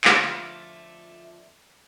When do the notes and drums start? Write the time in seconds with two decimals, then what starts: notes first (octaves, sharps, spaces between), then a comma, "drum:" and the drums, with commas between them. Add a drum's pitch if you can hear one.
0.05 F2 D3 F4 E5 A5, drum: clap